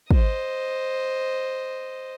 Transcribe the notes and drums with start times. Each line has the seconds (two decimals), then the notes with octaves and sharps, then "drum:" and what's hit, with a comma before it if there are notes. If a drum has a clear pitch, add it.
0.11 C5 D#5, drum: kick